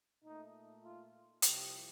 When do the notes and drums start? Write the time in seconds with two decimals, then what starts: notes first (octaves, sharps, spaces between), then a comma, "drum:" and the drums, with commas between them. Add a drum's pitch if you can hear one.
0.23 A#2 A3 D#4
0.83 F4
1.42 C2 C3 F3 G4, drum: hi-hat